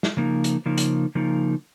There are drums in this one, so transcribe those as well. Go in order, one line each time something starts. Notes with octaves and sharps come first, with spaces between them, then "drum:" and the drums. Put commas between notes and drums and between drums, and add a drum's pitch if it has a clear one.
drum: snare
C#3 F3 A#3 D#4
drum: hi-hat
C#3 F3 A#3 D#4
drum: hi-hat
C#3 F3 A#3 D#4